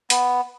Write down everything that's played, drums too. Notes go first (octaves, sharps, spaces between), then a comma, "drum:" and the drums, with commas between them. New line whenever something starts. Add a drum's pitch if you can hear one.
B3, drum: hi-hat